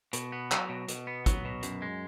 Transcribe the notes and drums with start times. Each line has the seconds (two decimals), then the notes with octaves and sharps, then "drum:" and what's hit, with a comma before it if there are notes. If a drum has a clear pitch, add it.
0.13 B2, drum: hi-hat
0.32 B3
0.52 F#3, drum: clap
0.69 B2
0.88 B2, drum: hi-hat
1.07 B3
1.26 F#3, drum: kick, hi-hat
1.45 B2
1.63 F#2, drum: hi-hat
1.82 G#3